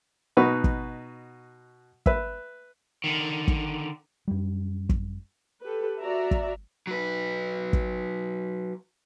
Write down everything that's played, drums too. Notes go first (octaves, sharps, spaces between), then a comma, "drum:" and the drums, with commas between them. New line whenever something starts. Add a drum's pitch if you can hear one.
B2 D#4 F#4 B4 C#6
drum: kick
B4 E5, drum: kick
D3 D#3
drum: kick
F#2 G3
drum: kick
G4 A4 B4
F#4 D5 E5 A#5
drum: kick
F#3 B4
drum: kick